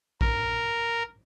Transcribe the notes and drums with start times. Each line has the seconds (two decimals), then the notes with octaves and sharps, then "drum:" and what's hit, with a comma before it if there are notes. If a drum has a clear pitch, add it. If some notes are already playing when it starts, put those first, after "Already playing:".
0.21 A#4, drum: kick A#1